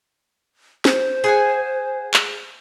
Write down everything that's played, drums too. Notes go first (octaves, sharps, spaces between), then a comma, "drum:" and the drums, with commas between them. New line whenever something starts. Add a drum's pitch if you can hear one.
C5, drum: snare
G#4 F#5 G#5
drum: clap